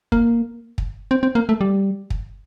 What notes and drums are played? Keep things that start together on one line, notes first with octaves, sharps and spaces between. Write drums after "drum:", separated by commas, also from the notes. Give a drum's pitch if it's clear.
A#3, drum: kick
drum: kick
C4
C4
A#3
A3
G3
drum: kick